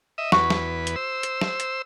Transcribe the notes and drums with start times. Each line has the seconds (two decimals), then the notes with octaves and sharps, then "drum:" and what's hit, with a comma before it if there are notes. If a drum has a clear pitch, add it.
0.18 D#5 E5
0.32 E2 F#4 B4, drum: snare
0.50 drum: snare
0.87 drum: hi-hat
0.96 C5 E6
1.23 drum: hi-hat
1.41 drum: snare
1.60 drum: hi-hat